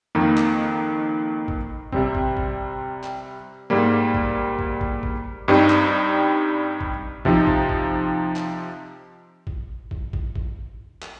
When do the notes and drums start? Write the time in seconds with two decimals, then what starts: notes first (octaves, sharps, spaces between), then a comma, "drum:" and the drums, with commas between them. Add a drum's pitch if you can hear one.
0.15 F2 D#3 A#3 D#4
0.37 drum: clap
1.48 drum: kick
1.92 C3 G3 C4, drum: kick
2.15 drum: kick
2.37 drum: kick
3.03 drum: clap
3.70 G#2 G3 A#3
4.14 drum: kick
4.59 drum: kick
4.81 drum: kick
5.03 drum: kick
5.48 G2 G3 C4 D#4
5.70 drum: clap
6.81 drum: kick
7.25 C3 F3 C4 D#4, drum: kick
7.47 drum: kick
7.69 drum: kick
8.36 drum: clap
9.47 drum: kick
9.91 drum: kick
10.13 drum: kick
10.36 drum: kick
11.02 drum: clap